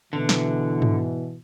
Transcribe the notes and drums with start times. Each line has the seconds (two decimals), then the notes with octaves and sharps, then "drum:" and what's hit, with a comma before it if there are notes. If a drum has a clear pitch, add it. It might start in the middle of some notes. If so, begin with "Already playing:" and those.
0.13 B2 D3 E3
0.29 drum: snare
0.82 drum: tom G#2